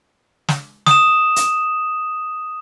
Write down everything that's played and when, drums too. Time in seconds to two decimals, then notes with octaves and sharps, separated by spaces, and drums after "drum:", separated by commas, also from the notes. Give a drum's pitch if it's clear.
0.49 drum: snare
0.86 D#6 E7, drum: snare
1.36 drum: hi-hat